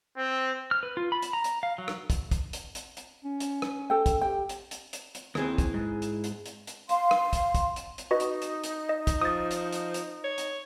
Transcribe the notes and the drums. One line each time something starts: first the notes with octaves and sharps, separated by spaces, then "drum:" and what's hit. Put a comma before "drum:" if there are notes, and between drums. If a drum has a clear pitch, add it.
C4
F6
B4
F4
B5
drum: hi-hat
A#5
drum: hi-hat
F5
F#3
drum: rim click
drum: kick, hi-hat
drum: kick, hi-hat
drum: hi-hat
drum: hi-hat
drum: hi-hat
C#4
drum: hi-hat
drum: rim click
A4 G5
drum: kick, hi-hat
G4 G5
drum: hi-hat
drum: hi-hat
drum: hi-hat
drum: hi-hat
D#2 C4 E4 G#4 B4, drum: rim click
drum: kick, hi-hat
G#2
drum: hi-hat
drum: hi-hat
drum: hi-hat
drum: hi-hat
F5 C6, drum: hi-hat
drum: rim click
drum: kick, hi-hat
drum: kick, hi-hat
drum: hi-hat
drum: hi-hat
D#4 F#4 B4 D#5
drum: hi-hat
drum: hi-hat
drum: hi-hat
D#5
drum: kick, hi-hat
F3 D#6 A6
drum: hi-hat
drum: hi-hat
drum: hi-hat
C#5
drum: hi-hat